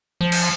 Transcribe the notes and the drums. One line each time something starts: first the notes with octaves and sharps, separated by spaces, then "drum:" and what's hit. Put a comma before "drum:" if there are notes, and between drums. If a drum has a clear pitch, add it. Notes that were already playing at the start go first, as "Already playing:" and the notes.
F3
drum: cymbal